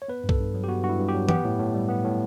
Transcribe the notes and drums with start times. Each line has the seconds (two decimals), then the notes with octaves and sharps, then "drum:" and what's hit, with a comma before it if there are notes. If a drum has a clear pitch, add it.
0.02 C#5
0.08 B3 B4
0.24 G2
0.29 A4, drum: kick B1
0.39 G2
0.54 F#3
0.64 G4
0.69 B3 F#4
0.84 G2 F#4
0.89 E4
0.99 G2
1.08 G4
1.15 F#3
1.29 B3 G4, drum: tom E3
1.44 A2
1.59 A2
1.74 G3
1.89 B3
2.04 A2